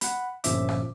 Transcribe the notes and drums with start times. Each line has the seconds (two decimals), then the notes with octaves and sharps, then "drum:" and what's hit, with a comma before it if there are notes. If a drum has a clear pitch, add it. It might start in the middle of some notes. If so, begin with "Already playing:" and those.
0.01 F#5 B5, drum: hi-hat
0.44 G1 A#2 F3 C#4 E5 D6, drum: hi-hat
0.69 drum: rim click